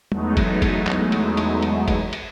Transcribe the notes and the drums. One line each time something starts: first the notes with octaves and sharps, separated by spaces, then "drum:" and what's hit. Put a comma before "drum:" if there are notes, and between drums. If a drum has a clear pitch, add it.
E2 F#3 G#3 A3 B3 D#4, drum: tom
drum: kick F#1, cymbal
drum: kick F#1, cymbal
drum: clap
drum: cymbal
drum: cymbal
drum: cymbal
drum: kick F#1, cymbal
drum: cymbal